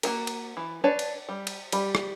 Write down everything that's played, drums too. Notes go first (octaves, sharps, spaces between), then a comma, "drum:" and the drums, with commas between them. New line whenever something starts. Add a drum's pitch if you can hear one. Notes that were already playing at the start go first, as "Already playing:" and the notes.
A#3 F#4 A#4, drum: cymbal
drum: cymbal
E3
D4 B4 C#5 A5
drum: cymbal
G3
drum: cymbal
G3 B5, drum: cymbal
drum: rim click